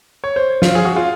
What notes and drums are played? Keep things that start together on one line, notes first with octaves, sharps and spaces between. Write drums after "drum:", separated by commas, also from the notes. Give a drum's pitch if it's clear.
C#5
C5
F4, drum: snare
G#4
F#4
F4